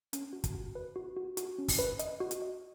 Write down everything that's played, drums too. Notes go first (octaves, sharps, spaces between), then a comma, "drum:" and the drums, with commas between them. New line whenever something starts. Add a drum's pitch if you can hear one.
C#4, drum: hi-hat
F#4
drum: kick, hi-hat
F#4
B4
F#4
F#4
F#4, drum: hi-hat
C#4
drum: kick, open hi-hat
B4
D#5, drum: hi-hat
F#4
drum: hi-hat
D#5